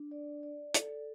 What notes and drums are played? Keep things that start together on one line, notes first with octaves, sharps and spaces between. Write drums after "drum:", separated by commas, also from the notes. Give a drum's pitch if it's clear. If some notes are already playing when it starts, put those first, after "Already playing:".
Already playing: D4
D5
D5
A4, drum: hi-hat